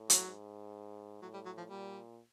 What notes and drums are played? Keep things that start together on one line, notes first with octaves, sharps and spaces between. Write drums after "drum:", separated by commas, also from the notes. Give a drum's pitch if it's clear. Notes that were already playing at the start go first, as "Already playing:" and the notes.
Already playing: A2
F#3, drum: hi-hat
G#2
A2 F#3
G3
F#3
F3
A#2 G3